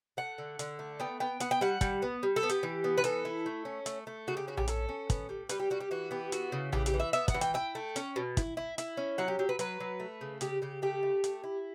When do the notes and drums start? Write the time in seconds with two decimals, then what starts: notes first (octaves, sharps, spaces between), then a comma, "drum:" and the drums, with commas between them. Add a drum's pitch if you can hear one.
0.17 A3 F#5
0.38 D3
0.59 D3, drum: hi-hat
0.79 A3
1.00 B3 G5
1.20 B3 G5
1.40 B3 F#5, drum: hi-hat
1.51 G5
1.61 G3 F#5
1.81 G3, drum: kick, hi-hat
2.02 B3
2.23 G3
2.36 A4
2.43 B3
2.49 G4, drum: hi-hat
2.63 E3
2.84 B3
2.98 B4
3.04 E3 A4, drum: hi-hat
3.25 E4
3.46 A3
3.65 C#4
3.86 A3, drum: hi-hat
4.07 A3
4.28 C#3 F#4
4.37 G4
4.48 C#4 F#4
4.57 G4, drum: tom A#1
4.68 C#4 A4, drum: hi-hat
4.89 C#4
5.10 B3, drum: kick, hi-hat
5.29 G3
5.49 G3 B4, drum: hi-hat
5.60 G4
5.70 G3 F#4
5.80 G4
5.91 E3 F#4
6.11 B3 G4
6.32 E3 F#4, drum: hi-hat
6.52 C#3
6.72 E3 G4, drum: tom A#1
6.86 G4, drum: hi-hat
6.94 E3
7.00 E5
7.13 B3 E5, drum: hi-hat
7.28 F#5, drum: kick, hi-hat
7.34 E3
7.41 G5, drum: hi-hat
7.54 E4 G5
7.75 A3
7.96 C#4, drum: hi-hat
8.16 B2
8.37 E4, drum: kick, hi-hat
8.57 E4
8.78 E4, drum: hi-hat
8.97 C#4
9.18 F#3 F#5
9.28 G4
9.39 F#3 G4
9.49 B4
9.59 F#3 B4, drum: hi-hat
9.80 F#3
10.00 A3
10.21 C#3
10.41 C#3 G4, drum: hi-hat
10.62 C#3 G4
10.82 A3 G4
11.03 A3
11.24 A3, drum: hi-hat
11.44 E4